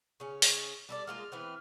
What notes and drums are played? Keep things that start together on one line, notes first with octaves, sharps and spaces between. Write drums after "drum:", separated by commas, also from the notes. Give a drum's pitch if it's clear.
C#3 C#4
drum: open hi-hat
G3 A4 D5
G#3 A#3 F4 F6
E3 B3 C4